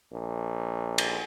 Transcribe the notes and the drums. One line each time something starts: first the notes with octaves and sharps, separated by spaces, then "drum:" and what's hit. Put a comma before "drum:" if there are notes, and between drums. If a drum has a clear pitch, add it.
A#1
drum: cymbal